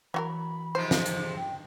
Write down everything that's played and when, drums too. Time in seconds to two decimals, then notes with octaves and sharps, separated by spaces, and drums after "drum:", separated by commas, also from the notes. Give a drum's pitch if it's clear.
0.14 E3 F#3 F#4 A#4 B5
0.75 G#2 C3 F3 C5
0.91 drum: snare
1.06 drum: hi-hat
1.37 G5